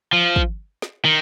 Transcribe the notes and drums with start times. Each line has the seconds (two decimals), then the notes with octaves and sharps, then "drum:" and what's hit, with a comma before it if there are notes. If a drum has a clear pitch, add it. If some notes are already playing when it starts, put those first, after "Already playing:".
0.13 F3
0.36 drum: kick
0.82 drum: snare
1.05 D#3